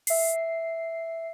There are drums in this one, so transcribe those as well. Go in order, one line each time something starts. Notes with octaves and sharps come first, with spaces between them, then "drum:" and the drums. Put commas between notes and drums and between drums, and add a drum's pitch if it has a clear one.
E5 C7, drum: open hi-hat